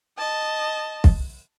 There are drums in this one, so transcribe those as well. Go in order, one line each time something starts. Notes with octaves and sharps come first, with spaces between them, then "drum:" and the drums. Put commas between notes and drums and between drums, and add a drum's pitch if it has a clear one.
D#5 A5
drum: kick